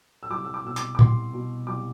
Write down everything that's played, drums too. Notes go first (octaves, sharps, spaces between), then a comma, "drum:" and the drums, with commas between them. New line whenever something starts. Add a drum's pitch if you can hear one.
E6
C2 D6
E6
D6
B2 E6
D6, drum: hi-hat
D6
C2 C6, drum: tom A#2
B2
C2 D6